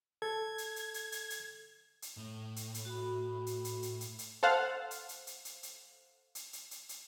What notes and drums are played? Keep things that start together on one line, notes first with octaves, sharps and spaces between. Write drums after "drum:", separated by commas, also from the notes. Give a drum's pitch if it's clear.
A4 G#6
drum: hi-hat
drum: hi-hat
drum: hi-hat
drum: hi-hat
drum: hi-hat
drum: hi-hat
A2
drum: hi-hat
drum: hi-hat
F#4 B5
drum: hi-hat
drum: hi-hat
drum: hi-hat
drum: hi-hat
drum: hi-hat
A4 C5 F5 F#5
drum: hi-hat
drum: hi-hat
drum: hi-hat
drum: hi-hat
drum: hi-hat
drum: hi-hat
drum: hi-hat
drum: hi-hat
drum: hi-hat